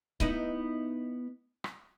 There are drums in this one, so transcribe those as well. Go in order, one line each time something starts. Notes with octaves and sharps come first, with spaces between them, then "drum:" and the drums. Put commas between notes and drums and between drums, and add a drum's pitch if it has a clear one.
B3 D#4 E4, drum: kick C#1
drum: rim click